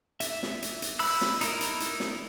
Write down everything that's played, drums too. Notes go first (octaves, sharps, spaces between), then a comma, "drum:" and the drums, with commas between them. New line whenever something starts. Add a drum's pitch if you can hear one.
E5, drum: hi-hat
drum: snare
drum: hi-hat
drum: hi-hat
B5 E6 F#6, drum: open hi-hat
drum: snare
D#4 E4 A#4, drum: hi-hat
drum: hi-hat
drum: hi-hat
drum: snare